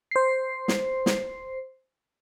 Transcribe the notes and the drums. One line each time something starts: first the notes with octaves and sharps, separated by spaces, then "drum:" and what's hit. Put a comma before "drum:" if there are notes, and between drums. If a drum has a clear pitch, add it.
C5 C7
drum: snare
drum: snare